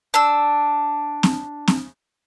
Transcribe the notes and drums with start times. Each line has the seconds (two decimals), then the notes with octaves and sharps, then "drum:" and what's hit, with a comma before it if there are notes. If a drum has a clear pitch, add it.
0.14 D4 E6
1.23 drum: snare C4
1.68 drum: snare C4